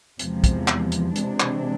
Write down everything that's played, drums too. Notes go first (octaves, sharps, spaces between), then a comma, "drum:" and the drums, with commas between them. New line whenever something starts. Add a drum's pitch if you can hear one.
E2 C3 F3 G#3, drum: hi-hat
drum: kick, hi-hat
drum: clap
drum: hi-hat
C3 E3 G#3 D4, drum: hi-hat
drum: clap